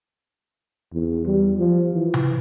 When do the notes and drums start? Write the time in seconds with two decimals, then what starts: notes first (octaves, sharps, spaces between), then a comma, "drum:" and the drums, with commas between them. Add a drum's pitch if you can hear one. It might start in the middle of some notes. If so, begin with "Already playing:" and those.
0.93 E2
1.26 G3
1.58 F3
1.93 E3
2.14 drum: tom C3